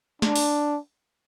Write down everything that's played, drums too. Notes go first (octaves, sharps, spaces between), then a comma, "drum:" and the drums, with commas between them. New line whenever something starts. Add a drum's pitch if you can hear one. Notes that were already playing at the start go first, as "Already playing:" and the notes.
D4, drum: snare
drum: open hi-hat